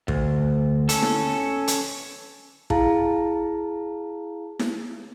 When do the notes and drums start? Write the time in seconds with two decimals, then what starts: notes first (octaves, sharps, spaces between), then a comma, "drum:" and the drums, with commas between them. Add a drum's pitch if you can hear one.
0.08 D2, drum: kick
0.89 C#4 A4, drum: hi-hat
1.02 drum: snare E4
1.68 drum: hi-hat
2.70 E4 G#4 F5 A5 A#5, drum: kick
4.59 drum: snare E4